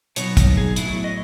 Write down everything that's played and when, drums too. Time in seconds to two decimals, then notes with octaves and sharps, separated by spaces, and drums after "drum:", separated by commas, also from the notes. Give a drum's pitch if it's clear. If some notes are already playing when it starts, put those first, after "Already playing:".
0.16 B2 F#3 B3 D#4 C#5, drum: hi-hat
0.37 drum: kick, hi-hat
0.57 G#4
0.76 A2 F#3 B3 E4, drum: hi-hat
1.04 D#5